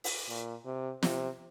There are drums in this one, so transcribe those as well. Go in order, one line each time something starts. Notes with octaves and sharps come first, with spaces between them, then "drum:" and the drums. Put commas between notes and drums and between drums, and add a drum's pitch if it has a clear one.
drum: open hi-hat
A#2
C3
C3, drum: snare